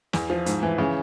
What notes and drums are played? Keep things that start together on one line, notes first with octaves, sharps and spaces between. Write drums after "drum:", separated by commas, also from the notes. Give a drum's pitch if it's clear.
E2, drum: snare
F3
G#2, drum: hi-hat
E3
C#3